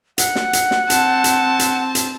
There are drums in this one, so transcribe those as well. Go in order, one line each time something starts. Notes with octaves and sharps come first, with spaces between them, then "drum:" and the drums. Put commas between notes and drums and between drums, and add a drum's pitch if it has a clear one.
F#5, drum: hi-hat
drum: snare
drum: hi-hat
drum: snare
C4 A5, drum: hi-hat
drum: hi-hat
drum: hi-hat
drum: hi-hat